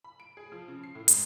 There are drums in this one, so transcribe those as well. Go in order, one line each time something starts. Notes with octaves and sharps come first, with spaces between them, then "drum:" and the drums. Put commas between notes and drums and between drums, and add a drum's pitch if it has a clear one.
B5
D7
G#4
F3
C#3
C7
A2
G#1, drum: hi-hat